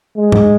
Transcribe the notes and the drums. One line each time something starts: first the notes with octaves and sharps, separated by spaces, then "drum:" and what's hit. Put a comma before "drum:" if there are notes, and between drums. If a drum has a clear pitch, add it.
G#3
drum: tom